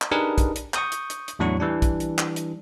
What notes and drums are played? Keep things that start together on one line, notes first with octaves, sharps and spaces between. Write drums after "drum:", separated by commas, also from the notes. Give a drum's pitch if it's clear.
drum: clap
D4 D#4 G4 G#4 A#4 B4
drum: kick, hi-hat
drum: hi-hat
C#6 D#6 G6, drum: clap
drum: hi-hat
drum: hi-hat
drum: hi-hat
E2 A2 F#3 D4 F#4 C#6
E3 G3 D4
drum: kick, hi-hat
drum: hi-hat
drum: clap
drum: hi-hat